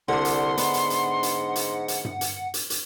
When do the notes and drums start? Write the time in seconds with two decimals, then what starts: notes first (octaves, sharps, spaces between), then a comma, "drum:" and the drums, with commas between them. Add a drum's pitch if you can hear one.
0.08 C2 D3 D4 F#5 C6
0.25 drum: hi-hat
0.57 G#2 B3, drum: hi-hat
0.74 drum: hi-hat
0.90 drum: hi-hat
1.23 drum: hi-hat
1.56 drum: hi-hat
1.88 drum: hi-hat
2.05 drum: tom G2
2.21 drum: hi-hat
2.54 drum: hi-hat
2.70 drum: hi-hat